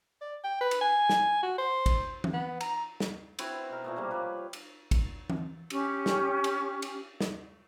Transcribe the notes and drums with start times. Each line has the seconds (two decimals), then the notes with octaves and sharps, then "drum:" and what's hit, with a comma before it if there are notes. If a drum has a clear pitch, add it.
0.21 D5
0.44 G5
0.61 B4
0.71 drum: cymbal
0.81 G#5
1.09 drum: snare
1.43 F#4
1.58 C5
1.86 drum: kick, cymbal
2.24 drum: tom E3
2.33 B3
2.61 A#5, drum: cymbal
3.00 drum: snare
3.39 C4 E4 F#4 B4, drum: cymbal
3.69 B2 A#4
3.84 A#2 A3 B3
3.96 C3 F3 G3 A#3
4.11 B4 C#5
4.53 drum: cymbal
4.91 drum: kick, cymbal
5.30 drum: tom E3
5.70 C#4 G4, drum: cymbal
6.06 drum: snare
6.44 drum: cymbal
6.82 drum: cymbal
7.21 drum: snare